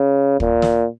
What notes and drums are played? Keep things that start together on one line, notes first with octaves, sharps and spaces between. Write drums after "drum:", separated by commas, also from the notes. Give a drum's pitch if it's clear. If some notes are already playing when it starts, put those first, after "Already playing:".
Already playing: C#3
A#2, drum: kick
drum: snare